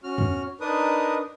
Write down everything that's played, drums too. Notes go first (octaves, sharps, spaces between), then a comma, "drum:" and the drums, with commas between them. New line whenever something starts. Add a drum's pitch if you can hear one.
C#4 F#4 F6
drum: tom E2
D4 D#4 A#4 B4 D#6